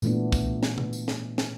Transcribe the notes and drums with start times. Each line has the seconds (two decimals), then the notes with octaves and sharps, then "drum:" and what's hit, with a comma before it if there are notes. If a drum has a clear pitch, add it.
0.02 A#2 E3 A3 B3 D4, drum: tambourine
0.32 drum: kick, tambourine
0.63 drum: snare
0.78 drum: tom
0.93 drum: tambourine
1.08 drum: snare
1.38 drum: snare